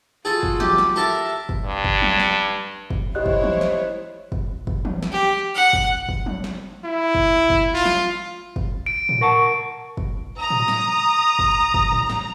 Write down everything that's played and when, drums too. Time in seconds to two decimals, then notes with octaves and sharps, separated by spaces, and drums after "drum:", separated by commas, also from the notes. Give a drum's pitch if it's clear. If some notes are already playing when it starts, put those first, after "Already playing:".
0.25 F4 F#4 G#4 A4 A5
0.43 drum: kick
0.60 G4, drum: tom E3
0.78 drum: snare
0.96 A4 A#4 E5 A5
1.49 drum: kick
1.65 G2
1.84 drum: kick
2.02 drum: tom F3
2.20 drum: snare
2.90 drum: kick
3.15 E4 G4 C5 C#5 D#5 F#6
3.26 drum: kick
3.43 drum: tom E3
3.61 drum: snare
4.32 drum: kick
4.67 drum: kick
4.85 drum: tom E3
5.03 drum: snare
5.12 G4
5.55 F#5
5.73 drum: kick
6.09 drum: kick
6.26 drum: tom F3
6.44 drum: snare
6.84 E4
7.15 drum: kick
7.50 drum: kick
7.74 F4
7.85 drum: snare
8.56 drum: kick
8.86 D7
9.09 drum: tom A2
9.21 A#4 F#5 A5 C#6
9.97 drum: kick
10.39 A#5 D#6
10.50 drum: tom A2
10.68 drum: snare
11.39 drum: kick
11.74 drum: kick
11.92 drum: tom G#2
12.10 drum: snare